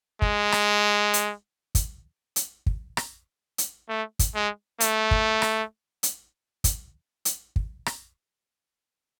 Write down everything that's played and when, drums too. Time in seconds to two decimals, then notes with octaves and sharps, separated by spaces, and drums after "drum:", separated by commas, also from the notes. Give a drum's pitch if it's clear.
0.22 G#3, drum: kick
0.52 drum: rim click
1.14 drum: hi-hat
1.75 drum: kick, hi-hat
2.36 drum: hi-hat
2.66 drum: kick
2.97 drum: rim click
3.58 drum: hi-hat
3.89 A3
4.19 drum: kick, hi-hat
4.35 G#3
4.80 A3, drum: hi-hat
5.11 drum: kick
5.42 drum: rim click
6.03 drum: hi-hat
6.64 drum: kick, hi-hat
7.25 drum: hi-hat
7.56 drum: kick
7.86 drum: rim click